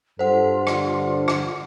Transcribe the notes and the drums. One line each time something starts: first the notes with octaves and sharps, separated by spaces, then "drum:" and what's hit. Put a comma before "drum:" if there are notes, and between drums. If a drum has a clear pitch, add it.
G2 F4 A4 C5 F#5
D3, drum: rim click
drum: rim click